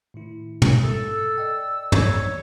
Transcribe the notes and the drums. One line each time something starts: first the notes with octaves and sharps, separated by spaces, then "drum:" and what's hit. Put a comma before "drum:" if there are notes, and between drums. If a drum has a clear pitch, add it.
A2 D#3 E4
C#5 E5 D#6, drum: tom
G#2 A4 E6
D5 D#5 G5
C#5, drum: tom